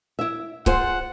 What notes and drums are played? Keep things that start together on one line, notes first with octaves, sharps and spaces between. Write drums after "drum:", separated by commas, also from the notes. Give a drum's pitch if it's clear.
E4 E5
F4 G#4 C5 F#5, drum: kick C#1, hi-hat